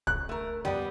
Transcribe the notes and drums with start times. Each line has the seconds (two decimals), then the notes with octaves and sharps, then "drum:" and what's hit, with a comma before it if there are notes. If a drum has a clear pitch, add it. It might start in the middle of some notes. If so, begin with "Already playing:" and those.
0.07 F#6, drum: kick
0.29 A3 A#4
0.65 G3 B3 D5, drum: tom